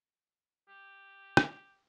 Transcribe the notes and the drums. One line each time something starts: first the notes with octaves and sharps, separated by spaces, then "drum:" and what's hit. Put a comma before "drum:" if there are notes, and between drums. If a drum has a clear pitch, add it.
G4
drum: rim click